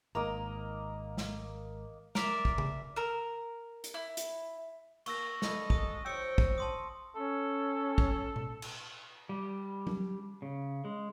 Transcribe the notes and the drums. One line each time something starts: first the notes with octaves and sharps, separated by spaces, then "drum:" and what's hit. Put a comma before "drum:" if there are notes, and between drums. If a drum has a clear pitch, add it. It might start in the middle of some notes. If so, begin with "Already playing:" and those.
G#1 G#2 A#3 D#5 A#5 D6
drum: snare
A#4 D5 E5, drum: snare
drum: kick
drum: tom C#3
A#4 E6
drum: hi-hat
E4
drum: hi-hat
A#3 C#6 E6 A#6, drum: cymbal
D4 A4 B4 D#5, drum: snare
F#3 G#3 D#6, drum: kick
F3 D4 C#5 G5 E6 C#7
drum: kick
A5 C6 D#6
C#4 A4
drum: kick
drum: tom B2
drum: cymbal
G3
drum: tom F#3
C#3
G#3